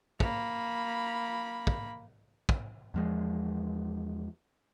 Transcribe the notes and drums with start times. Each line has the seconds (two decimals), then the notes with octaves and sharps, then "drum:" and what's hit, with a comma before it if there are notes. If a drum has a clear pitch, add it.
0.20 A#3 B5, drum: kick
1.67 drum: kick
2.49 drum: kick
2.94 E2 F3 G#3